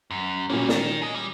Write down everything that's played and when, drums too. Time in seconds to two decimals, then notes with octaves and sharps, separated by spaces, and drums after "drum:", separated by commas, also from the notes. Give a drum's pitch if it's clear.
0.11 F#2
0.49 A#2 F#3 G3 A#3 C#4
0.69 D#3, drum: snare
1.02 G#4 D#5
1.14 G3